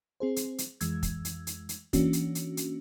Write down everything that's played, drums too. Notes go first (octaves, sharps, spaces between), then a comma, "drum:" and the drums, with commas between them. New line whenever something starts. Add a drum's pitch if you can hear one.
C4 G#4 C5
drum: hi-hat
drum: hi-hat
F2 E3 G#3 E6 G#6, drum: hi-hat
drum: kick, hi-hat
drum: hi-hat
drum: hi-hat
drum: hi-hat
E3 A#3 C#4 D4 F#4, drum: kick, hi-hat
drum: hi-hat
drum: hi-hat
drum: hi-hat